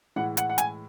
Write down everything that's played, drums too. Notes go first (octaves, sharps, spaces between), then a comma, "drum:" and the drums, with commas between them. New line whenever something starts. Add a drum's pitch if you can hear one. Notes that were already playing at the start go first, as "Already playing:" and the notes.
A2 E3 G#3 F#5
F#5, drum: hi-hat
F#5
G#5, drum: hi-hat